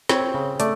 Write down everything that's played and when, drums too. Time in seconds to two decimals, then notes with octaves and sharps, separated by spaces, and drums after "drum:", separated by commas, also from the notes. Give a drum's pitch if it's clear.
0.09 C4 C#5, drum: snare
0.34 C#3
0.60 A3 D5, drum: hi-hat